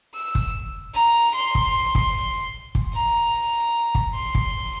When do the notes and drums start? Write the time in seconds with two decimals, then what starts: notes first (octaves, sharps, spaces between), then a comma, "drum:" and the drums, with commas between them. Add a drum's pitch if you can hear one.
0.15 E6
0.35 drum: kick
0.94 A#5
1.35 C6
1.55 drum: kick
1.95 drum: kick
2.75 drum: kick
2.94 A#5
3.95 drum: kick
4.15 C6
4.35 drum: kick